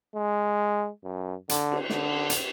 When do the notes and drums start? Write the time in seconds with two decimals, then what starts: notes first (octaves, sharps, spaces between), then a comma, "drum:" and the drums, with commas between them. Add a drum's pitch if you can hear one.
0.15 G#3
1.04 F#2
1.49 D3, drum: hi-hat
1.72 drum: cymbal
1.90 D3, drum: snare
2.30 drum: hi-hat